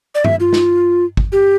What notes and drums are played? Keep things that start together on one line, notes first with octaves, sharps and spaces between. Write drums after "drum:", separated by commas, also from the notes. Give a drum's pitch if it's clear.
D5
E5, drum: tom G2
F4
drum: snare
drum: kick
G4